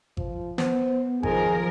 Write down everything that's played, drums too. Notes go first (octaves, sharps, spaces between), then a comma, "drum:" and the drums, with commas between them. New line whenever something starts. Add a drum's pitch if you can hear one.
F3, drum: kick G#1
B3 C5, drum: snare
D#3 F3 G#4 A#4 G#5, drum: kick G#1